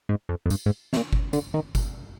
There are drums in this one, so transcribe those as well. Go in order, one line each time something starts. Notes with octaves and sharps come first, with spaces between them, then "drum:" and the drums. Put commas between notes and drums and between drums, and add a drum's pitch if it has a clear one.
G#2
F2
F2
G2, drum: tambourine
G#2
C3, drum: snare
A#2
drum: kick G1
D3, drum: tambourine
D#3
drum: kick G1, tambourine